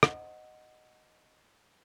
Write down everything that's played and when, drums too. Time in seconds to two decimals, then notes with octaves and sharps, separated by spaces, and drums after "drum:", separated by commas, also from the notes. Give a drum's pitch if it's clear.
0.03 D#5 F#5, drum: rim click